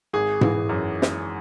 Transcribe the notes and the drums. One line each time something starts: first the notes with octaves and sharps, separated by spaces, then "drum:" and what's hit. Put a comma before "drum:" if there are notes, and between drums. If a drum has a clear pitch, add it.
G#1 G#4
E3, drum: tom G#2
F#2
drum: snare